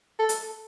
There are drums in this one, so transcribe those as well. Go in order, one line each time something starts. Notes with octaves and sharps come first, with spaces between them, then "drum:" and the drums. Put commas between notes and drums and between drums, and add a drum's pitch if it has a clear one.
A4
drum: hi-hat